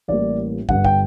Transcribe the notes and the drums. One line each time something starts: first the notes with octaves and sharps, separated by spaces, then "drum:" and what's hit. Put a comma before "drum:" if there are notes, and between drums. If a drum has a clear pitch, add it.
A1 A2 G3 A#3 D5
G1 G2 D3 F#5, drum: kick
G5, drum: kick